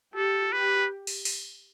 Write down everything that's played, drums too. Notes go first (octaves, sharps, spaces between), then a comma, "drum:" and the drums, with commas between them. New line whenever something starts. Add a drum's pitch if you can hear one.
G4 A4
G4 B4
drum: open hi-hat
drum: open hi-hat